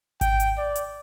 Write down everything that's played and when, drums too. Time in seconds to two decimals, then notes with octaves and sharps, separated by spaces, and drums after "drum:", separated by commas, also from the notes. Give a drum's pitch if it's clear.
0.21 G5, drum: kick G#1, hi-hat
0.40 drum: hi-hat
0.58 D5
0.75 drum: hi-hat